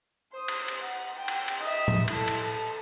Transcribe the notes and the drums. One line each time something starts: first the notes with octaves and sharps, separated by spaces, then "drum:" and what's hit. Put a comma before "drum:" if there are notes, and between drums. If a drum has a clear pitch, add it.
C5 D#6
drum: cymbal
drum: cymbal
F#5
G5
drum: cymbal
drum: cymbal
D#5 E5
drum: tom A2
E4 A4, drum: cymbal
drum: cymbal
A4